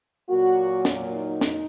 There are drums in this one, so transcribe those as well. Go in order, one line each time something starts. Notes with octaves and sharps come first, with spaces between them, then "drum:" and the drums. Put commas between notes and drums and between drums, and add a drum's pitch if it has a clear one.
A#2 F#3 A#3 F#4
drum: snare
D#4
drum: snare